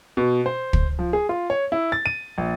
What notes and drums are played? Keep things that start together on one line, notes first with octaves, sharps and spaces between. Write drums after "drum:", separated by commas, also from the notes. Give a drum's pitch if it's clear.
B2
C5
drum: kick
F3
G#4
F4
C#5
E4
A6
D#7
A#1